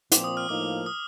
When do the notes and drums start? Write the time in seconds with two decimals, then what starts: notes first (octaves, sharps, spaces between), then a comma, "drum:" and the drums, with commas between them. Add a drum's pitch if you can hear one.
0.12 A#2 F3 C4 D6, drum: hi-hat
0.24 D#6
0.37 F6
0.48 A2 F3 A#3 D#4 D6
0.86 D#6